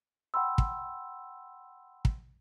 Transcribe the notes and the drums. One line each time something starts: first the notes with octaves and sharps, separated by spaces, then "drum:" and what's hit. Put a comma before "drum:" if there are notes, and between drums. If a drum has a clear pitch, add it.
F#5 G5 B5 C6 E6
drum: kick
drum: kick